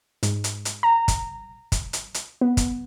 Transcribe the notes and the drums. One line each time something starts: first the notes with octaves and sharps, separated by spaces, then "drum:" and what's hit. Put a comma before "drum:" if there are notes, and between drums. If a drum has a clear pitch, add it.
G#2, drum: hi-hat
drum: hi-hat
drum: hi-hat
A#5
drum: kick, hi-hat
drum: kick, hi-hat
drum: hi-hat
drum: hi-hat
B3
drum: kick, hi-hat